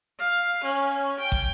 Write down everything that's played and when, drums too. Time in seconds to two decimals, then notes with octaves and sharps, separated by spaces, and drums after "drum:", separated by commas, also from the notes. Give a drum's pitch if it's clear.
0.19 F5
0.64 C#4
1.20 G5
1.32 drum: kick